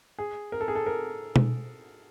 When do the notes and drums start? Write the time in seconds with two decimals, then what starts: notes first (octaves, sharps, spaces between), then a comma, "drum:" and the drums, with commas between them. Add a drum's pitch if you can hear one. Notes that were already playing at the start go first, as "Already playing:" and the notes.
0.18 G#4
0.52 A#4
0.61 A4
0.68 G#4
0.75 A4
0.86 A#4
1.36 drum: tom B2